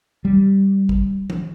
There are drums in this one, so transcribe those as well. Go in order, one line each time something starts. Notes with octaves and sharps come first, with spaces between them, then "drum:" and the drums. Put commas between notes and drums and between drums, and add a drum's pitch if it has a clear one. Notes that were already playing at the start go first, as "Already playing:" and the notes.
G3
drum: kick
drum: tom F3